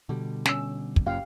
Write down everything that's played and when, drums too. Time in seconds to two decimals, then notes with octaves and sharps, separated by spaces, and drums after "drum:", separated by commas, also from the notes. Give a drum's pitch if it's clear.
0.09 B2 D3 G3
0.45 C#4 E6, drum: snare
0.96 drum: kick
1.06 F#1 F#2 A#2 G4 F5 G5